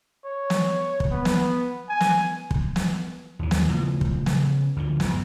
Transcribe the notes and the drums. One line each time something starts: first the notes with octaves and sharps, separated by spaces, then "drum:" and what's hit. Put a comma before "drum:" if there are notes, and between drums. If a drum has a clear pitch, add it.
C#5
drum: snare
drum: kick
B3
drum: snare
G#5
drum: snare
drum: kick
drum: snare
D#2 E3
drum: snare
A2 C#3 F3
drum: kick
C#3, drum: snare
D2 D3 F3
G1 E2, drum: snare